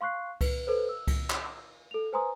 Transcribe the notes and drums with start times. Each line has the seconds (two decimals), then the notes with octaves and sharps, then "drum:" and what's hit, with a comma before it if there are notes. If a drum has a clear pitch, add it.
0.01 F5 C6 C#6 F#6 C7
0.41 B4, drum: kick C#2, cymbal
0.67 A4 B4 C5
0.89 E6
1.07 drum: kick C#2, cymbal
1.30 drum: clap
1.91 A4 F7
2.13 B4 C5 G#5 A#5 C6 D#6